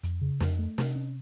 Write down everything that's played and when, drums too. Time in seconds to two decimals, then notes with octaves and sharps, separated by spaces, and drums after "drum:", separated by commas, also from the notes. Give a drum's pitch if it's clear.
0.03 F2, drum: hi-hat
0.21 C#3
0.40 F2, drum: snare
0.59 A3
0.78 C3, drum: snare
0.96 C#4